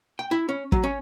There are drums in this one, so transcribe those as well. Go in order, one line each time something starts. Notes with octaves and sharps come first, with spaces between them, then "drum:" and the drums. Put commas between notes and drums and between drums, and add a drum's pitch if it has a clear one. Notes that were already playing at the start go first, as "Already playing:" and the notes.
G5
E4
C#4
F#3, drum: kick
C#4